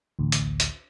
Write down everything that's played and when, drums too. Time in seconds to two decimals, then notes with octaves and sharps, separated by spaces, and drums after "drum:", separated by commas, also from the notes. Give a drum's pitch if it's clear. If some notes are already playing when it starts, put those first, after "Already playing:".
0.19 A1 D2
0.32 drum: hi-hat
0.60 drum: hi-hat